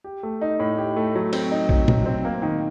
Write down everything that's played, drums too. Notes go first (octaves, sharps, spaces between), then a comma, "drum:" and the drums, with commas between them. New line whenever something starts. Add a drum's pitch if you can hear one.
G4
A3
D#4
A2
G4
A3
F#3
C4, drum: cymbal
D#4
F#3, drum: kick A#1
F#3, drum: tom A#2
C4
A#3
D#3